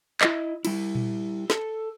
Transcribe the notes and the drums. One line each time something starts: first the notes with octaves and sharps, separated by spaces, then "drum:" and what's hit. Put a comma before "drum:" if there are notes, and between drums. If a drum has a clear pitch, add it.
E4 D#5, drum: clap
G3 E4, drum: cymbal
drum: tom A#2
A4, drum: snare